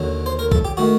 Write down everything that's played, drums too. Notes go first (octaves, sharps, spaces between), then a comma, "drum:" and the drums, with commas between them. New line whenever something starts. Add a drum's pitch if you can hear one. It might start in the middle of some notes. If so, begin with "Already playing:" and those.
Already playing: D#2 D3 F#3
C5
A#4
A4, drum: kick A#1
G4
D#3 A3 F#4